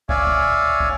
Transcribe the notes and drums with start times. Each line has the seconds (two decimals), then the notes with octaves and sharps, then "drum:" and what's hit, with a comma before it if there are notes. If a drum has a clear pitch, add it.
0.09 C#5 D5 E5 F5 G#5, drum: kick
0.27 drum: kick
0.80 drum: kick